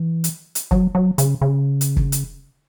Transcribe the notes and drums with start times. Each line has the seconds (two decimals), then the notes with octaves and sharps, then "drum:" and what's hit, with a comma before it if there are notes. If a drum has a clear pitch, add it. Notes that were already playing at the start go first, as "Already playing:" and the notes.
Already playing: E3
0.24 drum: hi-hat
0.55 drum: hi-hat
0.71 F#3, drum: kick
0.95 F#3
1.18 C#3, drum: hi-hat
1.41 C#3
1.81 drum: hi-hat
1.96 drum: kick
2.12 drum: hi-hat